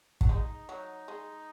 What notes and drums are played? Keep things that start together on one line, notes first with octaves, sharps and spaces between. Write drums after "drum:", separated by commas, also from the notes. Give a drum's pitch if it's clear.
F#3, drum: kick
G#3 D#4
F#3
G#3